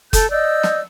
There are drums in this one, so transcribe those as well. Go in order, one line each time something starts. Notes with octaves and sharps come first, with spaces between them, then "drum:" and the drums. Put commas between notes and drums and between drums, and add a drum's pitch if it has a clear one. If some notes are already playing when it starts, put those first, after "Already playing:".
A4 G6, drum: kick F#1, hi-hat
D5 D#5 E6 G6
drum: snare